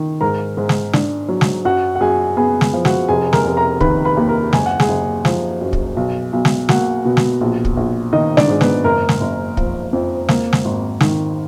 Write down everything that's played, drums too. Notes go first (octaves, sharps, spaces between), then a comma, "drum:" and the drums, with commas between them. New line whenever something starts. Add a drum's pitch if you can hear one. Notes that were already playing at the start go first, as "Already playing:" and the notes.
Already playing: D#3
G#2 A#4 A#5
G#2
drum: snare
D4, drum: snare
F#3
drum: snare
F#2 F#4 F#5
F#5
F#2 G#4 G#5
B3 G#4 G#5
drum: snare
F3
F#4 F#5, drum: snare
F1 G#4 G#5
A#4 A#5, drum: snare
F1
A#4 A#5
D#3 B4 B5, drum: kick
B4 B5
D#2
A#4 A#5
F#1 G#5, drum: snare
F#5
G#4 G#5, drum: snare
F#1
F3, drum: snare
F#2
drum: kick
B1
B1
drum: snare
A#3 F#4 F#5, drum: snare
B2
drum: snare
A#1
drum: kick
A#1
D#3 D#4 D#5
D4 D5, drum: snare
G#2
B3 B4, drum: snare
F#1 A#4
drum: snare
F#1
F3, drum: kick
F2
A#3, drum: snare
drum: snare
G#1
D#3, drum: snare